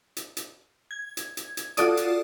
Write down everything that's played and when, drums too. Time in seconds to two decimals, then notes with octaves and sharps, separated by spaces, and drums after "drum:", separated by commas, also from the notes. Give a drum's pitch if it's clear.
0.17 drum: hi-hat
0.37 drum: hi-hat
0.91 G#6
1.17 drum: hi-hat
1.37 drum: hi-hat
1.57 drum: hi-hat
1.77 F4 F#4 A4 D5 D#6, drum: hi-hat
1.97 drum: hi-hat